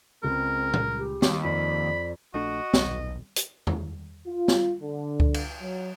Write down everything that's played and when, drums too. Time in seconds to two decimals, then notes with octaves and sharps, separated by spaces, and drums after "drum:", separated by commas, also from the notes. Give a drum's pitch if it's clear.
0.23 C#2 G#3 C4 A#4
0.73 drum: tom A#2
0.98 G4
1.22 D#2, drum: snare
1.44 F2 D5 B5
2.34 A#1 A3 D4 F#4 D#5
2.74 D#1 B1 B2, drum: snare
3.36 drum: hi-hat
3.67 drum: tom E2
4.27 F4
4.48 drum: snare
4.82 D3
5.20 drum: kick C#2
5.34 drum: cymbal
5.61 F#3